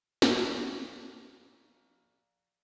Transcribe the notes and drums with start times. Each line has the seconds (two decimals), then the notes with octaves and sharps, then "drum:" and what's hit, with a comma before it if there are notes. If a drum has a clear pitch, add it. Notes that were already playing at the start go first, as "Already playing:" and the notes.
0.22 A#1 A4, drum: snare